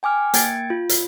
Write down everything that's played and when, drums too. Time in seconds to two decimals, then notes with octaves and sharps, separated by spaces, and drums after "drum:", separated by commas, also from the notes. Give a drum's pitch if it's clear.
0.03 G5 G#5 D6 F6
0.34 A#3 G5 G#6 A6 D7, drum: hi-hat
0.70 F4
0.89 drum: hi-hat